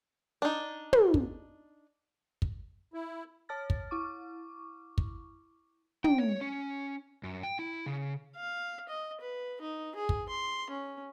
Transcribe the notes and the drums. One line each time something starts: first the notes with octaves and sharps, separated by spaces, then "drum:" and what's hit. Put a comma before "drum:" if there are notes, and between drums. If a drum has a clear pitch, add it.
D4 D#4
drum: tom
drum: kick
drum: kick
E4
C#5 A5 F6 A6
drum: kick
E4 C#6 D6
drum: kick
G5, drum: tom
C#5
C#4
F#2
G5
E4
C#3
F5
D#5
B4
D#4
G#4
drum: kick
C6
C#4